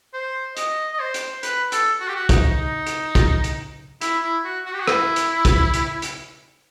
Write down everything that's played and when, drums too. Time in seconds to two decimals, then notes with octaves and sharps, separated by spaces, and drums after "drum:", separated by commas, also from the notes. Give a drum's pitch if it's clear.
0.14 C5
0.57 D#5, drum: hi-hat
0.93 D#5
1.00 C5
1.14 drum: hi-hat
1.43 B4, drum: hi-hat
1.72 A4, drum: hi-hat
2.00 F#4
2.08 G4
2.16 F#4
2.29 D#4, drum: kick, hi-hat
2.50 D#4
2.87 drum: hi-hat
3.15 drum: kick, hi-hat
3.44 drum: hi-hat
4.01 E4, drum: hi-hat
4.23 E4
4.45 F#4
4.66 F#4
4.73 G4
4.80 F#4
4.88 E4, drum: rim click
5.16 drum: hi-hat
5.45 drum: kick, hi-hat
5.74 drum: hi-hat
6.02 drum: hi-hat